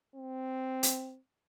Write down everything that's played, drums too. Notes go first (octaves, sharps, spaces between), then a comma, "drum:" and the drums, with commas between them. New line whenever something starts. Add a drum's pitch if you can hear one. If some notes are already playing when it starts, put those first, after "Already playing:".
C4
drum: hi-hat